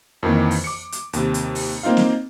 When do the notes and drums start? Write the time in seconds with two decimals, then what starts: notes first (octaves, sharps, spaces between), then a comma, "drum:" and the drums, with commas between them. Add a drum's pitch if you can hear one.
0.23 F2 D#3 E3 A#3
0.51 drum: open hi-hat
0.64 D6 C#7
0.92 drum: hi-hat
1.13 D#2 C3, drum: hi-hat
1.34 drum: hi-hat
1.55 drum: open hi-hat
1.83 A#3 C4 D#4 F4 F5
1.97 drum: snare